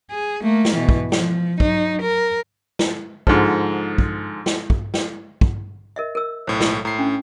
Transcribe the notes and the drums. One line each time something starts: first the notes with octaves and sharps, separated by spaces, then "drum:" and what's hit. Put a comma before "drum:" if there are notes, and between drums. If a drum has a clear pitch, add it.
G#4
A3 A#3
drum: snare
B2 E3
drum: kick
F3, drum: snare
F#3 D#4, drum: kick
A#4
drum: snare
G#2 D3 F3, drum: kick
drum: kick
drum: snare
drum: kick
drum: snare
drum: kick
A#4 D#5 E5
A#4 E6
B1 A2 C5
drum: snare
A2 A#5 C7
C#4 D4